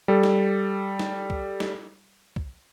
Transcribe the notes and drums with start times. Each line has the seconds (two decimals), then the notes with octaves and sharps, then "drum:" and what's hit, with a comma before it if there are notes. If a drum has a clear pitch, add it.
0.08 G3 A4
0.23 drum: snare
0.99 drum: snare
1.30 drum: kick
1.60 drum: snare
2.36 drum: kick